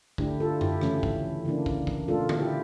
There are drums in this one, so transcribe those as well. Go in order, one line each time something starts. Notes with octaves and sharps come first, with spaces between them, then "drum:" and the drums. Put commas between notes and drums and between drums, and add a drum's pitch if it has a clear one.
D3 A3 D4 E4 G4, drum: kick
F4 A4
E4 G4, drum: tom F#2
C#3 E3 A3 C#4, drum: rim click
drum: kick
C#3 E3 A#3 D4
drum: kick
drum: kick
A#2 A3 D4 F4 A4
drum: tom D3
E4 G4